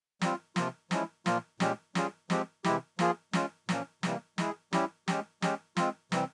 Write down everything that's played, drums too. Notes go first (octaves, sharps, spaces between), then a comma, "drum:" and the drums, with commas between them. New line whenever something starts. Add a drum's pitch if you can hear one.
G3 C4 F4, drum: snare
C3 F3 A#3 F4, drum: snare
F3 G#3 C#4 E4, drum: snare
A#2 F3 A#3 F4, drum: snare
A#2 G#3 C#4 G4, drum: snare
G3 C#4 F4 G#4, drum: snare
F3 G#3 C4 G4, drum: snare
C3 E3 G#3 E4 G4, drum: snare
F3 A#3 F4 G#4, drum: snare
G#3 C#4 F4, drum: snare
A#2 F3 A#3 C#4, drum: snare
C3 E3 G3 A#3, drum: snare
G#3 E4 G#4, drum: snare
G3 C#4 E4 G4, drum: snare
G#3 C#4 G4, drum: snare
G#3 C#4 G4, drum: snare
G#3 C4 F4, drum: snare
C3 E3 G3 C4, drum: snare